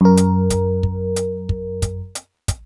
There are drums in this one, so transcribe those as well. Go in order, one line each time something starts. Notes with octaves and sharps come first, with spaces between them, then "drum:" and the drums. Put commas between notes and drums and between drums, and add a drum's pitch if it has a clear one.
F#2 A#4
drum: hi-hat
drum: kick, hi-hat
drum: kick
drum: hi-hat
drum: kick
drum: kick, hi-hat
drum: hi-hat
drum: kick, hi-hat